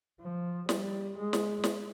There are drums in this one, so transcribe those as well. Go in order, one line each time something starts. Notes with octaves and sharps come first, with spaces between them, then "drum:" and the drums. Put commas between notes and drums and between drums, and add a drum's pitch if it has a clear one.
F3
G3, drum: snare
G#3
drum: snare
drum: snare